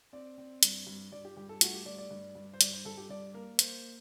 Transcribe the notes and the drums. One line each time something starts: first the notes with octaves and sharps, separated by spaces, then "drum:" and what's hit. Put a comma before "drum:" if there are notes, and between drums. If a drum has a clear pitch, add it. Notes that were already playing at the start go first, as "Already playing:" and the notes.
C4 D5
C4
G2, drum: hi-hat
G2
G2 D5
G4
G2 G4
A4
A3 F#4, drum: hi-hat
G4
G2 D5
D5
G2
G2
C5
G2 D5, drum: hi-hat
C5
G2 A4
G4
G2 D5
A#3 A#4
A#3 C5, drum: hi-hat